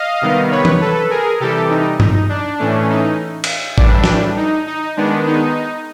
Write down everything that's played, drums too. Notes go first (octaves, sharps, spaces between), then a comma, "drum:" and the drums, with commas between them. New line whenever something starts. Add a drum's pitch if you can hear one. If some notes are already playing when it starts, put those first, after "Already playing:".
Already playing: D#5 F5
C3 D#3 G3 B3
B4 C#5
drum: tom E3
A4 B4
G#4 A#4
C3 E3 G3 G4 A4
D#4
D#4, drum: tom G2
D4
A2 E3 A3 C#4
D#4
drum: cymbal
A2 E3 G3 D4, drum: kick A1
drum: snare
D#4
D#4
D#3 G#3 B3 D4
D#4